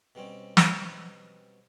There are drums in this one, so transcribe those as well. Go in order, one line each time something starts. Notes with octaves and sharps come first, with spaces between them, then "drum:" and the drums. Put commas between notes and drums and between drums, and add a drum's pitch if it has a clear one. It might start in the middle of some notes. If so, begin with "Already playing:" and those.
B2 G3 C4 C#4
drum: snare